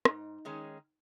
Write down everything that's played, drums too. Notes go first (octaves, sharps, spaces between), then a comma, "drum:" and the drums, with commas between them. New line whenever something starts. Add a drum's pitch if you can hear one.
G#2 D#4, drum: rim click
D#3 G#3 C#4